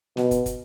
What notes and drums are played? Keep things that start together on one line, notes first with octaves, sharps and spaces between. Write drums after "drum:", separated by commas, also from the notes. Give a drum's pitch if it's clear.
B2, drum: snare
drum: kick, hi-hat
drum: kick, hi-hat